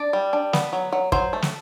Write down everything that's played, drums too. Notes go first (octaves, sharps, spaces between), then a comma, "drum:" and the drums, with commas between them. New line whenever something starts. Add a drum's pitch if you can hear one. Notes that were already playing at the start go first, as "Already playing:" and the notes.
Already playing: D4 D5
G3
D4
B3, drum: snare
F#3
F#3
F#3 C5, drum: kick
A3
drum: snare